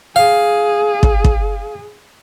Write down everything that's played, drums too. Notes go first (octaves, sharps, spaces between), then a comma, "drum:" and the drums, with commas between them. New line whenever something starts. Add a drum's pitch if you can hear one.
G#4 F5
drum: kick
drum: kick